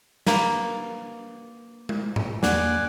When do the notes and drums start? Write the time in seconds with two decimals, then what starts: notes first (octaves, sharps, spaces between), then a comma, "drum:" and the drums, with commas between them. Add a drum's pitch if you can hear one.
0.27 A#3 B4, drum: snare
1.89 drum: tom G#3
2.16 drum: tom G#2
2.43 E2 A#3 D5 F#5 G#5 D6, drum: snare